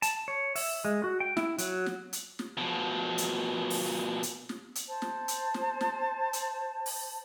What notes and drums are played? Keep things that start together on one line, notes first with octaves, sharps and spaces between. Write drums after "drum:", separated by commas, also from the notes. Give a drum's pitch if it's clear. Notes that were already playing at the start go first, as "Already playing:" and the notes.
A5, drum: hi-hat
C#5
E5, drum: open hi-hat
G#3
F#4
G5
E4, drum: snare
F#3, drum: hi-hat
drum: snare
drum: hi-hat
drum: snare
B2 F3
drum: hi-hat
drum: open hi-hat
drum: hi-hat
drum: snare
drum: hi-hat
C5 A5
drum: snare
drum: hi-hat
drum: snare
drum: snare
drum: hi-hat
drum: open hi-hat